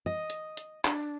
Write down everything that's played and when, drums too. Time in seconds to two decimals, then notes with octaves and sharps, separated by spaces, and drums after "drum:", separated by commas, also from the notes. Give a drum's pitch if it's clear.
0.06 D#5
0.30 drum: hi-hat
0.57 drum: hi-hat
0.85 D4, drum: clap